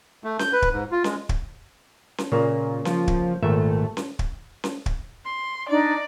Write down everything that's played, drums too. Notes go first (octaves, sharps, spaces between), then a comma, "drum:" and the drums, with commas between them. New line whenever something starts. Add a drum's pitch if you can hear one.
A3
G6, drum: snare C#4
B4
drum: kick
G#2
F4
G#3, drum: snare C#4
drum: kick
drum: snare C#4
A#2 C#3 A#3
F3, drum: snare C#4
drum: kick
G#1 A#2 A3 E5
drum: snare C#4
drum: kick
drum: snare C#4
drum: kick
C6
D4 D#4 D5